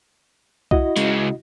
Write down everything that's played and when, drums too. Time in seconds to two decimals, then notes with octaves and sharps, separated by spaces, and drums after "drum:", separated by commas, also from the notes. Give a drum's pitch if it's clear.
0.71 E4 F#4 D#5, drum: kick B1
0.96 C#3 G#3, drum: hi-hat